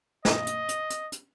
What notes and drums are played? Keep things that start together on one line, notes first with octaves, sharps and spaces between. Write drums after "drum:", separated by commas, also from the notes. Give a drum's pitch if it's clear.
D#5, drum: snare
drum: hi-hat
drum: hi-hat
drum: hi-hat
drum: hi-hat